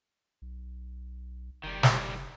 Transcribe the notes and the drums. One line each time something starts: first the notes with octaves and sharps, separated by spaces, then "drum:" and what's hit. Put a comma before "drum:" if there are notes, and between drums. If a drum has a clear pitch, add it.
B1
F#1 D#3 G3
drum: snare